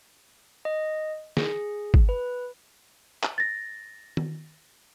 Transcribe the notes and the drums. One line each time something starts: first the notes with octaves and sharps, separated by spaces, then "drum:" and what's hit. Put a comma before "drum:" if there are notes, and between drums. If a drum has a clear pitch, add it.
D#5
G#4, drum: snare
drum: kick
B4
drum: clap
A6 A#6
drum: tom D#3